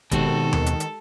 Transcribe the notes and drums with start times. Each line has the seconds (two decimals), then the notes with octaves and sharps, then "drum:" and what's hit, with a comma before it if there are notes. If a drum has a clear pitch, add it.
0.11 B2 D#3 G#3 C4 F#4 G4 A4 A5, drum: kick, hi-hat
0.53 drum: tom D#2
0.66 drum: hi-hat
0.80 drum: hi-hat